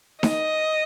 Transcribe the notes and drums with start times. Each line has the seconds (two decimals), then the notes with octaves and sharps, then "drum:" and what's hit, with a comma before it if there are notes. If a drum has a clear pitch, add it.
0.23 D#5, drum: snare D#4